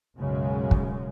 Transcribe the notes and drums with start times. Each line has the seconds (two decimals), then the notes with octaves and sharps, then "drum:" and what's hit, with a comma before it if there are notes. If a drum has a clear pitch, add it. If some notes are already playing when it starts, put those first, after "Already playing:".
0.20 B1 F#2 C#3 G#3
0.71 drum: kick